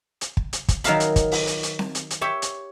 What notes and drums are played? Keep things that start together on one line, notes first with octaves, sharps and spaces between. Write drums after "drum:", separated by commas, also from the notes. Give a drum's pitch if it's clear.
drum: hi-hat
drum: kick
drum: hi-hat
drum: kick, hi-hat
D#3 F#3 A#4 E5 F5 B5, drum: hi-hat
drum: hi-hat
drum: kick, hi-hat
drum: open hi-hat
drum: hi-hat
drum: hi-hat
drum: snare C4
drum: hi-hat
drum: hi-hat
G4 C#5 E5
drum: hi-hat